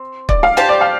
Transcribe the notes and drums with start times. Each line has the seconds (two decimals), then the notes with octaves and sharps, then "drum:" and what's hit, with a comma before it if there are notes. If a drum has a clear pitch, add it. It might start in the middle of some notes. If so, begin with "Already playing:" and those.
Already playing: C4
0.29 D5, drum: kick
0.43 F5
0.57 G4 C5 F5 A5
0.69 D5
0.81 F5